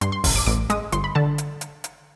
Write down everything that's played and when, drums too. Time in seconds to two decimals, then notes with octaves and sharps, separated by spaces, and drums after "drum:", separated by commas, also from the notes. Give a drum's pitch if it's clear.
0.01 G2 C6, drum: hi-hat
0.12 C6
0.24 A1, drum: kick, open hi-hat
0.36 D6
0.46 A1 D6
0.70 G#3 D#6, drum: hi-hat
0.92 G1 C6, drum: hi-hat
1.04 B5
1.15 D3 A5
1.38 drum: hi-hat
1.61 drum: hi-hat
1.84 drum: hi-hat